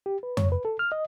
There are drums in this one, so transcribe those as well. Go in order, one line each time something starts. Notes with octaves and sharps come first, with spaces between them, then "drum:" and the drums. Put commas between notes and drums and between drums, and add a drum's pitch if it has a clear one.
G4
B4
C#5, drum: tom F2
B4
A4
F6
D#5